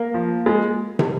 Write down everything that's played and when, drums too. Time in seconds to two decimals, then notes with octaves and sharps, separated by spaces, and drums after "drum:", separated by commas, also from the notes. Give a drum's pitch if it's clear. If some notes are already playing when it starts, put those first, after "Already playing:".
Already playing: A#3
0.14 F3
0.46 G#3
0.99 drum: tom